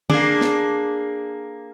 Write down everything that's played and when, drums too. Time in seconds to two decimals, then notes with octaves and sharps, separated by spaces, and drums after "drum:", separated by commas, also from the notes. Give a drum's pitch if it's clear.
0.10 A#3 D4 G#4, drum: tom
0.41 drum: snare